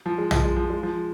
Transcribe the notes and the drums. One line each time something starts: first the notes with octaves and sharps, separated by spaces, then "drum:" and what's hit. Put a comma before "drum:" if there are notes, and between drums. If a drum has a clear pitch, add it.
F3
G#3
F3, drum: tom
G#3
F3
G#3
F3